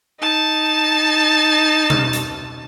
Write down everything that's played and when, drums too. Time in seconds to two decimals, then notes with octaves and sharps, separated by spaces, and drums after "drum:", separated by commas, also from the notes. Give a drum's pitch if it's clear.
0.19 D#4 A5
1.90 drum: tom B2
2.13 drum: hi-hat